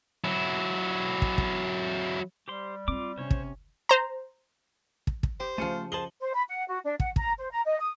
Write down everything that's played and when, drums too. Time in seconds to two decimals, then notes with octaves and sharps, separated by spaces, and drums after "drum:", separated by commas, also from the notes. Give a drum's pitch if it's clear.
0.25 F#3 E4
1.22 drum: kick
1.38 drum: kick
2.48 G3 G4 C5 C6
2.88 C4 F4 D6
3.18 C3 C#4 C5 C#5
3.30 drum: kick
3.89 C5 A#5
5.07 drum: kick
5.23 drum: kick
5.40 G4 C5
5.58 C#3 F3 A3 F4 F6 C#7 D#7
5.92 G#4 C5 D#5 A5 F#7 G7
6.21 C5
6.33 B5
6.48 F#5
6.67 F#4
6.84 D4
7.00 F#5, drum: kick
7.16 A#5, drum: kick
7.37 C5
7.51 A#5
7.65 D#5
7.78 D#6